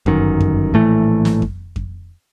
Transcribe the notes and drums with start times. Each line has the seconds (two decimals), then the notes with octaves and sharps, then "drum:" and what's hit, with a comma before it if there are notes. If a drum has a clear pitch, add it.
0.06 G1 F#2 D#3, drum: kick F2
0.41 drum: kick F2
0.74 A#1 A2 E3 A3
1.25 drum: snare
1.42 drum: kick F2
1.76 drum: kick F2